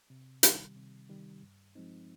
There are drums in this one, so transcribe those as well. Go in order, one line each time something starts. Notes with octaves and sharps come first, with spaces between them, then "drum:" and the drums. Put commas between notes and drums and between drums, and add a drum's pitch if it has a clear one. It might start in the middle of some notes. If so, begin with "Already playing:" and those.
C3
D#3 G3, drum: hi-hat
C3
D#3 G3
G2
F3 G#3 C4 D#4